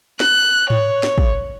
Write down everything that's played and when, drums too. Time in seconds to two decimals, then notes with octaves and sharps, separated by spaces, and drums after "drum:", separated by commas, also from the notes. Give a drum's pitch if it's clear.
0.20 F#6, drum: snare
0.70 C#5, drum: tom G#2
1.03 drum: snare
1.18 drum: kick